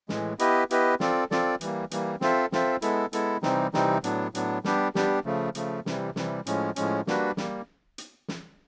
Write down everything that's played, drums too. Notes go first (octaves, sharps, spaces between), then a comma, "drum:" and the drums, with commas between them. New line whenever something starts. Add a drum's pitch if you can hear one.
A2 E3 G#3, drum: snare
B3 E4 G4 B4 D#5, drum: hi-hat
B3 E4 G4 B4 D#5, drum: hi-hat
C4 F4 A4 D5, drum: snare
C4 F4 A4 D5, drum: snare
E3 G3 A#3, drum: hi-hat
E3 G3 A#3, drum: hi-hat
C4 F4 A4 C5 E5, drum: snare
C4 F4 A4 C5 E5, drum: snare
G#3 B3 E4 A4, drum: hi-hat
G#3 B3 E4 A4, drum: hi-hat
C3 E3 G3 C4 D#4, drum: snare
C3 E3 G3 C4 D#4, drum: snare
A2 F#3 B3 D4, drum: hi-hat
A2 F#3 B3 D4, drum: hi-hat
G3 B3 D4 G4, drum: snare
G3 B3 D4 G4, drum: snare
C#3 F3 A3
C#3 F3 A3, drum: hi-hat
C3 E3 G3, drum: snare
C3 E3 G3, drum: snare
A2 F3 G#3 C#4, drum: hi-hat
A2 F3 G#3 C#4, drum: hi-hat
G3 A#3 D4 F#4 B4, drum: snare
G3 A#3, drum: snare
drum: hi-hat
drum: snare